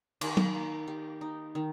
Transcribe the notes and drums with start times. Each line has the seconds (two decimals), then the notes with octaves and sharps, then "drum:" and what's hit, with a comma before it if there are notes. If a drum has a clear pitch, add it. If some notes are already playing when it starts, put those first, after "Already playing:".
0.21 D#3, drum: cymbal
0.37 drum: tom F#3
0.55 A#3
0.88 G4
1.21 D#4
1.55 D#3